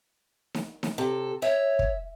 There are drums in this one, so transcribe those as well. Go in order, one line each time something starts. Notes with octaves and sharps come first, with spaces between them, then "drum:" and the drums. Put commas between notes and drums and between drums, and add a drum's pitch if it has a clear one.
drum: snare D#4
drum: snare D#4
C3 A4
C#5 E5
drum: kick